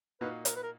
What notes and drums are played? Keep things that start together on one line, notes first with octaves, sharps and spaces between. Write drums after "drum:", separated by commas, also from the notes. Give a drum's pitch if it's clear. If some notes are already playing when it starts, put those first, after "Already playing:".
A#2 A#3 D#4 F#4 B4
A#4, drum: hi-hat
B4
A#4